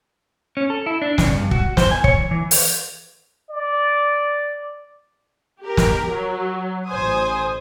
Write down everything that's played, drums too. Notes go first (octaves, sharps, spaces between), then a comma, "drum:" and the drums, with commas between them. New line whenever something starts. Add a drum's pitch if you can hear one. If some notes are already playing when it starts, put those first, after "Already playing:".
C#4
A4
E4
D4
C#3, drum: snare
G2
F#4, drum: kick
C5, drum: snare
G#5
C#5, drum: kick
E3
E3
drum: open hi-hat
D5
G4 A#4
drum: snare
F#3
A1 C5 G#5 D#6